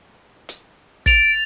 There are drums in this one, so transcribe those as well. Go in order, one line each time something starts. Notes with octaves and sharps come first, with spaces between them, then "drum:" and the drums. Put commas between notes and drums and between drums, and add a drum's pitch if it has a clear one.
drum: hi-hat
A6 D7 F7, drum: kick, hi-hat